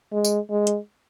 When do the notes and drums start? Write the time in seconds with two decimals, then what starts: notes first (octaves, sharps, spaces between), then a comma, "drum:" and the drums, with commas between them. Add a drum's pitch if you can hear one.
0.12 G#3
0.24 drum: tambourine
0.50 G#3
0.67 drum: hi-hat